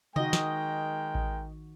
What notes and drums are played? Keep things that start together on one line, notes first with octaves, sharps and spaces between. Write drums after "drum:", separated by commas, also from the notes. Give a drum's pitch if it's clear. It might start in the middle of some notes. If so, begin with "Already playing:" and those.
D#3 G#3 F#4 A#4 D#5 G5, drum: tom C3
drum: snare
drum: kick A1